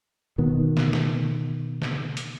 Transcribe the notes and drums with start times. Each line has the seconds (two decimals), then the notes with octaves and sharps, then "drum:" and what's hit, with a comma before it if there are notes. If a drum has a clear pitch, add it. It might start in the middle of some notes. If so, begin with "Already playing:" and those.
0.38 B2 D#3 B3
0.77 drum: snare
0.93 drum: snare
1.82 drum: snare
2.17 drum: hi-hat